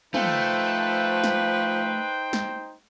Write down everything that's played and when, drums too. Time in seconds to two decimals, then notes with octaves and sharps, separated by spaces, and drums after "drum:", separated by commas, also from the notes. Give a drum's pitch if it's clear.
0.14 F3 A3 D#4 B4 C5 G5, drum: tom
1.24 drum: snare
2.33 drum: snare